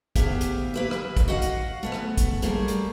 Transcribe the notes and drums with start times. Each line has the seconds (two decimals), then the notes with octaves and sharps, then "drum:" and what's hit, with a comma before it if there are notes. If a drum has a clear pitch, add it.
0.16 D2 B3 G4 G#4 E5 F5, drum: kick, hi-hat
0.41 drum: hi-hat
0.74 A#3 B4 E5
0.91 drum: rim click
1.17 drum: kick, hi-hat
1.28 F#4 D#5 F5 F#5
1.42 drum: hi-hat
1.83 A3 B3 G#4
1.92 drum: rim click
2.17 drum: kick, hi-hat
2.42 G3 A3 A#3 G#4, drum: hi-hat
2.68 drum: hi-hat